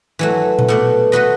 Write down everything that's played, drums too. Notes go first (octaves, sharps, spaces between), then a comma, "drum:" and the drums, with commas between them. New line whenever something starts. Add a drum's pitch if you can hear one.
E3 F#3 A3
drum: tom A#2
B2 A3 D5
A3 F#4 B4 D#5